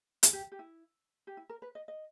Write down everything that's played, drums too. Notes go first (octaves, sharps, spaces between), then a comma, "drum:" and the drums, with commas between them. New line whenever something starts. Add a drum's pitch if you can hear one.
G#4, drum: hi-hat
G4
G4
E4
G4
E4
A#4
B4
D#5
D#5